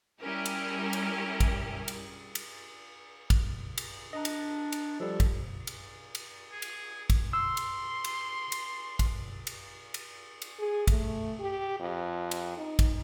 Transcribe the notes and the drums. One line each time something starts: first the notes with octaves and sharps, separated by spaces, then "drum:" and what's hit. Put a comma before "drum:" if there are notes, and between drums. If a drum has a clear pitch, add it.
G3 C#4 E4 G4 A#4
drum: cymbal
drum: cymbal
drum: kick, cymbal
drum: cymbal
drum: cymbal
drum: kick, cymbal
drum: cymbal
D4 D#5 A#5
drum: cymbal
drum: cymbal
F3 G3 A4
drum: kick, cymbal
drum: cymbal
drum: cymbal
G#4
drum: cymbal
drum: kick, cymbal
C6 E6
drum: cymbal
drum: cymbal
drum: cymbal
drum: kick, cymbal
drum: cymbal
drum: cymbal
drum: cymbal
G#4
A3, drum: kick, cymbal
G4
F2
drum: cymbal
D#4
drum: kick, cymbal